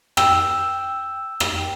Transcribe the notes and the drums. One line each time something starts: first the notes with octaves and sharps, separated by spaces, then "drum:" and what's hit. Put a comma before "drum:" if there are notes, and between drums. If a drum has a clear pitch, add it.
G5 E6, drum: rim click
drum: rim click